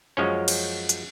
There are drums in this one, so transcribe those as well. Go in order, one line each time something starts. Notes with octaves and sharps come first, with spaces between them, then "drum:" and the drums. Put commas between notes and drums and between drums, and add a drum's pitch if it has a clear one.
F#2 F3 G#3 C#4 C#5
drum: cymbal
drum: hi-hat